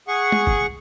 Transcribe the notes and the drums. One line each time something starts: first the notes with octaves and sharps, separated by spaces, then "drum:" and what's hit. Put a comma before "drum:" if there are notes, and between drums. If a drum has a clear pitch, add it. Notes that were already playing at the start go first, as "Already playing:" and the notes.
G#4 F#5 C#6
drum: tom G#3
drum: kick F#1